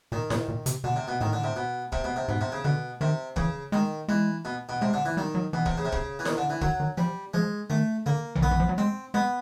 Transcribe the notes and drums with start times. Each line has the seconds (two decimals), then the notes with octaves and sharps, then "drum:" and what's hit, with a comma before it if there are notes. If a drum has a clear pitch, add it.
0.12 A#2 D#3
0.30 A#2, drum: snare E4
0.48 A#2
0.66 C3, drum: hi-hat
0.84 B2 D3
0.96 C3
1.08 B2
1.21 A2 D#3
1.33 D3
1.44 C3
1.56 B2
1.92 C3, drum: kick
2.04 B2
2.16 C3
2.28 G#2 B2
2.41 C3
2.52 C#3
2.65 B2 D3
3.01 C3 D#3
3.36 C#3 E3, drum: kick
3.72 D#3 G#3
4.08 E3 G#3
4.45 B2
4.69 B2
4.81 C3 G#3
4.93 D3
5.05 E3
5.17 D#3 G3
5.35 F#3
5.53 B2 E3
5.66 C3, drum: kick
5.77 C#3
5.85 C3
5.92 C#3, drum: kick
6.19 E3
6.25 D#3, drum: snare E4
6.37 D3
6.50 E3
6.61 D#3 F#3, drum: kick
6.80 D#3
6.98 F3 G3
7.34 F3 G#3
7.70 D#3 A3
8.06 D3 A#3
8.35 E3, drum: tom A#1
8.42 D#3 B3
8.51 E3
8.60 F3
8.69 F#3
8.78 G#3 C4
9.14 G#3 B3